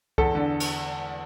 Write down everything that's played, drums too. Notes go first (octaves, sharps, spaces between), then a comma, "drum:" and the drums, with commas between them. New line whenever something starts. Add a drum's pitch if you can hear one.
E2 A4, drum: kick C2
D3
drum: cymbal